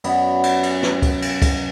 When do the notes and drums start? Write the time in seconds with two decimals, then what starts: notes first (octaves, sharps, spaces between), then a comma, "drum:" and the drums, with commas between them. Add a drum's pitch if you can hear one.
0.04 F#2 B3 D5 F#5, drum: cymbal
0.43 drum: cymbal
0.63 drum: cymbal
0.83 drum: snare
1.02 drum: kick C#2, cymbal
1.22 drum: cymbal
1.42 drum: kick C#2, cymbal